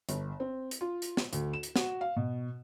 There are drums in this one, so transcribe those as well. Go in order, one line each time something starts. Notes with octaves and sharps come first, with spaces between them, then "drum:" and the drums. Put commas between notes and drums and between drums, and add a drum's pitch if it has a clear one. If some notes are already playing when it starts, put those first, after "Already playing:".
G1, drum: hi-hat
C4
drum: hi-hat
F4
drum: hi-hat
drum: snare
D2, drum: hi-hat
E7
drum: hi-hat
F#4, drum: snare
F5
B2